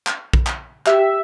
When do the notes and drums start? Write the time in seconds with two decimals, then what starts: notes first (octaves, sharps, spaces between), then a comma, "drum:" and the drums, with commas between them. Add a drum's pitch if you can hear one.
0.07 drum: clap
0.33 drum: kick A#1
0.47 drum: clap
0.87 G4 E5, drum: clap